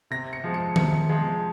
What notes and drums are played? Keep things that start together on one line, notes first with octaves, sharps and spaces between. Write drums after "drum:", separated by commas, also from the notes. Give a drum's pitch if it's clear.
C3 A#6
C#7
F3 G#3
C#7
C3 C#7, drum: tom D#3
F3 G#3